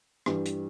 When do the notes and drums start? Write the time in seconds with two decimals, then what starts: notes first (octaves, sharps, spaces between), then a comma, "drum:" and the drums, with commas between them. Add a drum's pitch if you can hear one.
0.26 G2 E3 G3, drum: rim click
0.46 drum: hi-hat